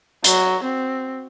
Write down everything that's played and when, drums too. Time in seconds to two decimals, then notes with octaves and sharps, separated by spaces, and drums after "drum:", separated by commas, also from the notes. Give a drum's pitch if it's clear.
0.24 F#3, drum: hi-hat
0.64 C4